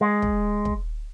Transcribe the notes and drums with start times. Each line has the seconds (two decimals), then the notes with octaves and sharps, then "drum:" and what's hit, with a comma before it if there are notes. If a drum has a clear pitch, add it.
0.01 G#3
0.22 drum: kick
0.65 drum: kick